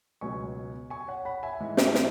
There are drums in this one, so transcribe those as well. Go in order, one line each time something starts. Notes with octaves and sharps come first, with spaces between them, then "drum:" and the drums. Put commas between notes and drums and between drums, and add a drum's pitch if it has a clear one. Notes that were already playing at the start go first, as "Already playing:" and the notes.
C#2 B2 F#3 G#5 C#6
G#5 C#6
C#5 F#5
F#5 B5
E5 G#5
G#2 E3
drum: snare
drum: snare